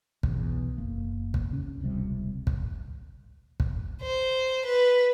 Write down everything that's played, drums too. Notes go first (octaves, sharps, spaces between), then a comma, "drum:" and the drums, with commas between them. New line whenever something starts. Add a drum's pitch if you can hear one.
B1 E2, drum: kick
F#1 A#3
drum: kick
C#3 C#4
E1 C#2 C3 G3
drum: kick
drum: kick
C5
B4